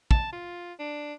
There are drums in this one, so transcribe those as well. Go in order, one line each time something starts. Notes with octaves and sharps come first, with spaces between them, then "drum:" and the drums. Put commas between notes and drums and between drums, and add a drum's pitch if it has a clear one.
A5, drum: kick
F4
D4